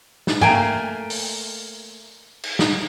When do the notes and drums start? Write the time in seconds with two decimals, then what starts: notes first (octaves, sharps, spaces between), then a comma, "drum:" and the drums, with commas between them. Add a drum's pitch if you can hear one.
0.27 drum: snare
0.41 A3 A#3 G5 G#5, drum: tom
1.10 drum: open hi-hat
2.43 drum: cymbal
2.59 drum: snare